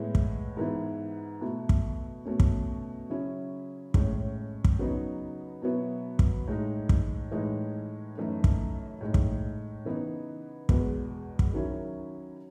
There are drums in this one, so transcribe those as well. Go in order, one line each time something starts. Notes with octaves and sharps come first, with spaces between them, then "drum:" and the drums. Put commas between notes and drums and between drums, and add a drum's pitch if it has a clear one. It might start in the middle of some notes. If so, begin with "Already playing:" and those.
Already playing: A2 G#3 B3 E4
drum: kick
G#2 E3 B3 E4
B2 A3 E4
drum: kick
B2 A3 C#4
drum: kick
C#3 F#3 C#4 E4
A2 G#3 C#4, drum: kick
drum: kick
C#3 F#3 B3 D#4
B2 F#3 B3 E4
drum: kick
A2 G#3 D#4
drum: kick
A2 E3 G#3 D#4
F#2 E3 A3 D#4
drum: kick
A2 G#3 D#4
drum: kick
C#3 E3 B3 D#4
E2 B2 G#3 B3, drum: kick
drum: kick
D#3 F#3 C#4 E4